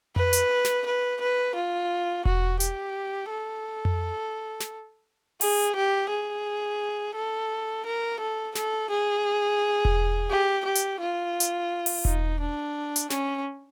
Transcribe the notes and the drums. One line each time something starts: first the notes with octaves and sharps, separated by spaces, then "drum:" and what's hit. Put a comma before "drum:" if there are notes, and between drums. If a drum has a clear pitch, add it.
B4, drum: tom F2
drum: hi-hat
drum: snare
B4
B4
F4
F#4, drum: kick E1
G4, drum: hi-hat
A4
drum: tom F2
drum: snare
G#4, drum: open hi-hat
G4
G#4
A4
A#4
A4
A4, drum: snare
G#4
drum: kick E1
G4
G4
drum: hi-hat
F4
drum: hi-hat
drum: open hi-hat
D#4, drum: kick E1
D4
drum: hi-hat
C#4, drum: snare